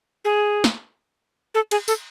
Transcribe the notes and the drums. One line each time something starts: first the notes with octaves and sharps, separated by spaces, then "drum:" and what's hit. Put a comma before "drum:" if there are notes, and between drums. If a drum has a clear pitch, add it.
G#4
drum: snare
A4
G#4, drum: cymbal
A4, drum: tambourine